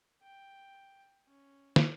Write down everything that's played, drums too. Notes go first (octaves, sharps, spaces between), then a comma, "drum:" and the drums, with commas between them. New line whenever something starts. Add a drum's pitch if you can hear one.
G5
C#4
drum: snare